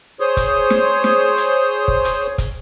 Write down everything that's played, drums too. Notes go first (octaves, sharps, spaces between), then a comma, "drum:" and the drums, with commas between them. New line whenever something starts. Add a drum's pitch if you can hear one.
G#4 C5 C#5 C6 D#6
drum: kick, hi-hat
drum: snare
drum: snare
drum: hi-hat
drum: kick
drum: hi-hat
drum: kick, hi-hat